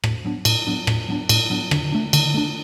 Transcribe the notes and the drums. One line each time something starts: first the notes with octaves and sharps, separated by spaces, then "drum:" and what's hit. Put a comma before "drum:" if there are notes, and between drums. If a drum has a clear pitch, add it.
A2, drum: rim click
F#3 B3 D4
A2, drum: cymbal
F#3 B3 D4
A2, drum: rim click
F#3 B3 D4
A2, drum: cymbal
F#3 B3 D4
D3, drum: rim click
A3 D4
D3, drum: cymbal
A3 D4